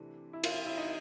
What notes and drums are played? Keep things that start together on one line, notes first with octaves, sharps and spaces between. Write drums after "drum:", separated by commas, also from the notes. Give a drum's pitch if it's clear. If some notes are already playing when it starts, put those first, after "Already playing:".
Already playing: C3 E3 A3 D4
E4
F4, drum: cymbal
F4
E4
D#4